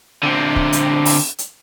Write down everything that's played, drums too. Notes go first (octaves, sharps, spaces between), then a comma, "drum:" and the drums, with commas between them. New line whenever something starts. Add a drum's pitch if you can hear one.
D3 C4
drum: kick
drum: hi-hat
drum: open hi-hat
drum: hi-hat